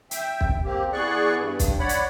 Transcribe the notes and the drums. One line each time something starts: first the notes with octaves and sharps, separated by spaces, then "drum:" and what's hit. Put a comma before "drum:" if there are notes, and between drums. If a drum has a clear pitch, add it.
E5 G5, drum: hi-hat
drum: kick
A#3 C4 G4
E3 B3 G#4 D5 C#6 F#6
G2
drum: kick, hi-hat
C#5 D5 F#5 B5
drum: hi-hat